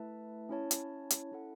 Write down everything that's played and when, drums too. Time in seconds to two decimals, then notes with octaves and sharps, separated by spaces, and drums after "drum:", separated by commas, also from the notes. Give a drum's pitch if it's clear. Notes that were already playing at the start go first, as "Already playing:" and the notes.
Already playing: A3 E4 B4 E5 A5
0.49 C#4 E4 C#5 A5
0.71 drum: hi-hat
1.10 drum: hi-hat
1.32 C#4 E4 A4 F#5 A5